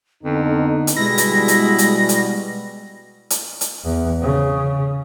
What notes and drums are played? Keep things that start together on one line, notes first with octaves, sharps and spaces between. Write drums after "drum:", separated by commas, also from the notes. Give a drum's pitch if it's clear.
F2 D3 B3 D#4
drum: hi-hat
B2 G3 G#3 E4 A#6
drum: hi-hat
drum: hi-hat
drum: hi-hat
drum: hi-hat
drum: hi-hat
drum: hi-hat
E2
C#3